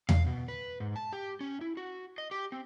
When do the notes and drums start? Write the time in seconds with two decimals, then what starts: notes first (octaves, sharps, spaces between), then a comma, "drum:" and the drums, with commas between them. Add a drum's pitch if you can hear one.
0.09 F5, drum: tom E2
0.26 B2
0.48 B4
0.80 G#2
0.96 A5
1.13 G4
1.41 C#4
1.61 E4
1.77 F#4
2.18 D#5
2.31 G4
2.52 C4